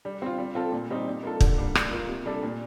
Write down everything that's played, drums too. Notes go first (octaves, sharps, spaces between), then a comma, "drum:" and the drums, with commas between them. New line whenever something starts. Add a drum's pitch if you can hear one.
G3
C4 F4
G3
C4 F4 A4
A#2
G3 C4 D#4
G3
A#3 F4 A4
D3, drum: kick
G3 A#3 D4
G3, drum: rim click
A#3 F4
C3
G3 D4 A4
A#2